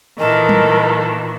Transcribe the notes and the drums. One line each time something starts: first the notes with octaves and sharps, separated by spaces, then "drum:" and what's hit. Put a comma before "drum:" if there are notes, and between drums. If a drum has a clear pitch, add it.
A#2 D#3 E3 A4 A#4 D#5
drum: tom F#3